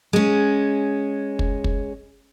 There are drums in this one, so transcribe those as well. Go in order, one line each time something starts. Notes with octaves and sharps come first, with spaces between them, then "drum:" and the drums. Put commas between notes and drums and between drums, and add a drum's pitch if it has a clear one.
G#3 C#4
drum: kick
drum: kick